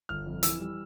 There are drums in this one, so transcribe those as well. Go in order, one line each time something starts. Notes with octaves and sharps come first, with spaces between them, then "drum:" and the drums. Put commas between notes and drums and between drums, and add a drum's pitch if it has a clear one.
G1 F6
F2
E3 E6, drum: hi-hat
G3